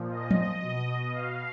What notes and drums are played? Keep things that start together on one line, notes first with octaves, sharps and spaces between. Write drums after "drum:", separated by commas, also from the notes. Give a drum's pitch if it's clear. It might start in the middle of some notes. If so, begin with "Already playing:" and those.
Already playing: A#2 F3
D#5
drum: tom F3
B2
F5